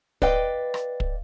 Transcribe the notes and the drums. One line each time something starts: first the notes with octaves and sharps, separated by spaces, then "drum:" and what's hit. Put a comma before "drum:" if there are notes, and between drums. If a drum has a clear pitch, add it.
B4 D5 D#5 F5 G5, drum: kick
drum: rim click
drum: kick